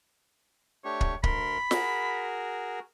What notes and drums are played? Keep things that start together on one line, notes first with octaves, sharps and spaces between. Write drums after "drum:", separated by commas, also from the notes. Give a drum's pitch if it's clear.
A3 D4 G4 C#5
drum: kick
D2 A#4 B5 C6, drum: kick
F#4 G#4 A#4, drum: snare